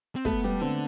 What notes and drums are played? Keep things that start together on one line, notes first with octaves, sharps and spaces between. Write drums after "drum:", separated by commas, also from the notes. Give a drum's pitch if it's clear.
C4
A3 B3, drum: kick, hi-hat
G3 B3
D3 C4